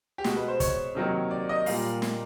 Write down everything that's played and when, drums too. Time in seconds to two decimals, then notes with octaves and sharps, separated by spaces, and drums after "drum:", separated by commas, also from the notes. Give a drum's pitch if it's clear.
0.18 G4
0.24 B2 G#3 F#4, drum: snare
0.36 B4
0.48 C5
0.60 C#5, drum: kick, hi-hat
0.95 C3 D#3 F#3 A#3
1.31 D5
1.49 D#5
1.66 A#2 G3 A#3 F5, drum: open hi-hat
2.02 drum: snare